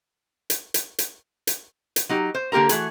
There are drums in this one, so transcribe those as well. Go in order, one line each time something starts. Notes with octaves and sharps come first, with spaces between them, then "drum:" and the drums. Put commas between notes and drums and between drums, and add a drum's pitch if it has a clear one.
drum: hi-hat
drum: hi-hat
drum: hi-hat
drum: hi-hat
drum: hi-hat
F#3 D#4 G4
C5
D3 A#3 G4 A#4 A#5
E3 A3 F#4 G#4, drum: hi-hat